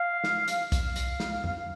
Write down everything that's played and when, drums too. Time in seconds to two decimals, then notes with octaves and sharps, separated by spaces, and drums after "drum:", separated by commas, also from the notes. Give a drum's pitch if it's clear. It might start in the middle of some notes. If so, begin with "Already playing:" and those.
Already playing: F5
0.24 drum: snare
0.48 drum: hi-hat
0.72 F5, drum: kick, hi-hat
0.96 drum: hi-hat
1.20 drum: snare
1.44 drum: tom F2